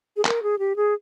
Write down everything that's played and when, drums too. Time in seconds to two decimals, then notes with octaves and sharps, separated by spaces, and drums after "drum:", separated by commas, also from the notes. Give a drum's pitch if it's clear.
0.17 G#4
0.25 A#4, drum: clap
0.43 G#4
0.59 G4
0.76 G#4